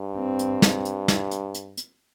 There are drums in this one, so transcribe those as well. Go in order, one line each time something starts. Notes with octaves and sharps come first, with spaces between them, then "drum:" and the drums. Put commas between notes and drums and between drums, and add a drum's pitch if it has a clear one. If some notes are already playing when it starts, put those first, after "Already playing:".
Already playing: G2
C4
drum: hi-hat
drum: snare
drum: hi-hat
drum: snare
drum: hi-hat
drum: hi-hat
drum: hi-hat